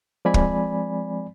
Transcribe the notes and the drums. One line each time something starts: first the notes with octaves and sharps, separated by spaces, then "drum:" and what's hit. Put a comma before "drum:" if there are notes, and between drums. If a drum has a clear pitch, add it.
F3 G#3 C4 D5 G#5 B5
drum: kick